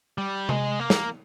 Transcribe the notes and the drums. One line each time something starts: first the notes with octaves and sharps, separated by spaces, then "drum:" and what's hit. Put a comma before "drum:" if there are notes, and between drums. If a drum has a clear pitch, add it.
G3
G#3, drum: tom C3
A#3
drum: snare